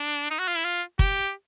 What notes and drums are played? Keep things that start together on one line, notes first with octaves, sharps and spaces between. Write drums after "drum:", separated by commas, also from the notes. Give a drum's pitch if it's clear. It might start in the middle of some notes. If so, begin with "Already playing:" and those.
Already playing: D4
D#4
F#4
F4
E4
F4
G4, drum: kick